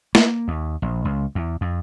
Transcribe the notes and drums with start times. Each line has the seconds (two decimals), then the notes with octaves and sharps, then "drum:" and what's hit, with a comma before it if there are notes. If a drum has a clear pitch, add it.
0.15 A#3, drum: snare
0.48 D#2
0.82 A#1
1.05 C#2
1.35 E2
1.61 F2